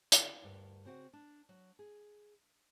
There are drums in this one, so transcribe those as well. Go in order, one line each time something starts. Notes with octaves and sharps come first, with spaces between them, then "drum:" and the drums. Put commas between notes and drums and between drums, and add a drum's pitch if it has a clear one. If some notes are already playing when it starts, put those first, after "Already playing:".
D3 A4, drum: hi-hat
D2 G2 A#4
C#3 C4 F#4 F#5
D4
F#3
G#4